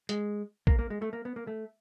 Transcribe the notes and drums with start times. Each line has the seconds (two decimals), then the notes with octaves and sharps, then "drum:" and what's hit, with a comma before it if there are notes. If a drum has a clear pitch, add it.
0.09 G#3, drum: hi-hat
0.67 A#3, drum: kick A#1
0.79 A#3
0.90 G#3
1.02 A3
1.13 A#3
1.25 B3
1.36 A#3
1.47 A3